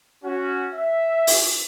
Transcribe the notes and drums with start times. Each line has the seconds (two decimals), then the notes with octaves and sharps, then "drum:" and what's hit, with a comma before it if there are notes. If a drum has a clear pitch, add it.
0.25 C#4 F#4
0.74 E5
1.27 drum: open hi-hat